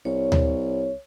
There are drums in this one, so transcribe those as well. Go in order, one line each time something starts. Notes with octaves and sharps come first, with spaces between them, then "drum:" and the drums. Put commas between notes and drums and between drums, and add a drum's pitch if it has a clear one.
C2 C#5
drum: tom D2